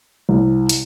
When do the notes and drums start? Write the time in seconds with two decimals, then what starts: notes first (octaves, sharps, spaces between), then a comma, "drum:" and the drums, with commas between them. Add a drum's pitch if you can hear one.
0.29 C2
0.69 drum: hi-hat